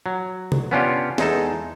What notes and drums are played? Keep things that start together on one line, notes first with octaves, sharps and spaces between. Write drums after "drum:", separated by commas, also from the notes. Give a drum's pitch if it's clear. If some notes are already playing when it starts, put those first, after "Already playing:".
F#3
drum: tom C3
B3 C#4 D4 F4 G4
E2 G#3 D#4 A4, drum: snare